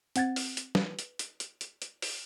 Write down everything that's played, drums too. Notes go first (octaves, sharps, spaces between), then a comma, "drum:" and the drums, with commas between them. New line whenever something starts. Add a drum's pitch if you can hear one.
C4 F#5 G#6 A6, drum: hi-hat
drum: open hi-hat
drum: hi-hat
B4, drum: snare
drum: hi-hat
drum: hi-hat
drum: hi-hat
drum: hi-hat
drum: hi-hat
drum: open hi-hat